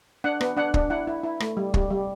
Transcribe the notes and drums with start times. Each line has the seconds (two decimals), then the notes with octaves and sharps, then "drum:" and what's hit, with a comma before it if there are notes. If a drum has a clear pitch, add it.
0.24 D4 F#5
0.41 B3, drum: rim click
0.57 D4 F#5
0.74 D4, drum: kick
0.90 E4 F#5
1.07 E4
1.24 E4
1.40 A3, drum: rim click
1.57 G3
1.74 G3, drum: kick
1.90 G3